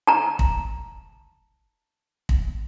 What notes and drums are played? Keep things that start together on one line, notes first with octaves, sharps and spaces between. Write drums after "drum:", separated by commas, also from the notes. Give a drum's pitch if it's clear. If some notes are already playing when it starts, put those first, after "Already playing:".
A5 A#5
drum: kick
drum: kick